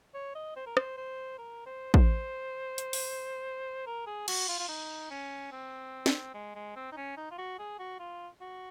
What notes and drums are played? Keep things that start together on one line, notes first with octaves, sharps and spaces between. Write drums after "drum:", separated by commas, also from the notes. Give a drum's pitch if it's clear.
C#5
D#5
C5
A#4
C5, drum: rim click
C5
A#4
C5
C5, drum: kick
drum: hi-hat
drum: open hi-hat
A#4
G#4
F#4, drum: cymbal
F4
F4
D#4
C#4
C4
drum: snare
G#3
G#3
C4
D#4
C#4
D#4
F4
F#4
G#4
F#4
F4
F#4